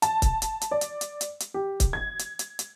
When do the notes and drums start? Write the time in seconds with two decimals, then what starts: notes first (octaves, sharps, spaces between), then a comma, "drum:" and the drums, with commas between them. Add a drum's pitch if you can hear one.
0.02 A5, drum: hi-hat
0.22 drum: kick C#1, hi-hat
0.42 drum: hi-hat
0.61 drum: hi-hat
0.71 D5
0.81 drum: hi-hat
1.01 drum: hi-hat
1.21 drum: hi-hat
1.40 drum: hi-hat
1.54 G4
1.80 drum: kick C#1, hi-hat
1.93 G#6
2.19 drum: hi-hat
2.39 drum: hi-hat
2.59 drum: hi-hat